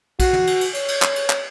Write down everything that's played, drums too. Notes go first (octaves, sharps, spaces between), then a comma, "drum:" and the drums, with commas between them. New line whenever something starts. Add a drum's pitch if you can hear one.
F#4, drum: kick A#1, cymbal
drum: tom
drum: cymbal
drum: cymbal
C#5, drum: cymbal
drum: cymbal
drum: clap
drum: cymbal
drum: clap